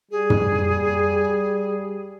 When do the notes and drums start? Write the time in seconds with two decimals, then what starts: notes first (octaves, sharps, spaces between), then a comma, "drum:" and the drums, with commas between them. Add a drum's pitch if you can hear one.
0.11 G3 G#4
0.30 drum: tom